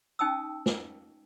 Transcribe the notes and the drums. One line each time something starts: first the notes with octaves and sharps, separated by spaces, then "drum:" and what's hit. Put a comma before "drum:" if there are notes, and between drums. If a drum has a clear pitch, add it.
C#4 D#4 G5 A5 D#6 E6
drum: snare